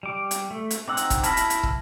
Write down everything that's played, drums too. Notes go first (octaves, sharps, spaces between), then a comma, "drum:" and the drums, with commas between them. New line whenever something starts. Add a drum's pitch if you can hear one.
G3 D6
drum: hi-hat
A3
drum: hi-hat
C4 D#4 F#5 D6 E6
drum: hi-hat
drum: kick, hi-hat
E4 A5 B5 F6 A#6, drum: hi-hat
drum: hi-hat
drum: hi-hat
drum: kick